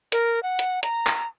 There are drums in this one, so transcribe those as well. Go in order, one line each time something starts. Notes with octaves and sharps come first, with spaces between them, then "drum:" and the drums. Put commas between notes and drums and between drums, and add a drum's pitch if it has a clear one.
A#4, drum: hi-hat
F#5
drum: hi-hat
A#5, drum: hi-hat
drum: clap